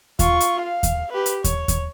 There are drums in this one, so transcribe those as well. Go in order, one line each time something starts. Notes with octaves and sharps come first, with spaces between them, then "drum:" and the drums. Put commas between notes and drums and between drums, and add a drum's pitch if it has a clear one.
F4 C#6, drum: kick D#2, hi-hat
drum: hi-hat
F5
drum: kick D#2, hi-hat
G4 B4
drum: hi-hat
C#5, drum: kick D#2, hi-hat
drum: kick D#2, hi-hat